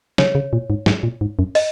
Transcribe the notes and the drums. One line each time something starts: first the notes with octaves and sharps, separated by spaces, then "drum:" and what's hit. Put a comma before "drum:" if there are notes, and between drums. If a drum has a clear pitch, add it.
C#3 C#5, drum: snare
C#3
A#2
G#2
G#2, drum: snare
A#2
G#2
F#2
D#5, drum: open hi-hat